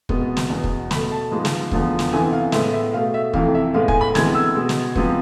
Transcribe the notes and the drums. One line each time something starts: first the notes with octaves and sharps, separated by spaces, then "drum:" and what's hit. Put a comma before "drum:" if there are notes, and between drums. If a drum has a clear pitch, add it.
C2 B2 G#3 B3, drum: kick
drum: snare
E2 B2 B3
drum: kick
B2 A3 B5, drum: snare
A5
G#2 F3 G#3 B3
drum: snare
E2 D3 F3 B3, drum: kick
drum: snare
D2 C3 E3 B3 G#5
F5
A2 G#3 B3 E5, drum: snare
E5
B2 A3 F5
E5
F2 C3 E3 A3 F5, drum: kick
E5
A2 G#3 B3 F5
G#5, drum: kick
B5
D2 C3 E3 G#3 B3 G#6, drum: snare
E6
B2 G#3 B3
drum: snare
C3 F3 G#3 B3, drum: kick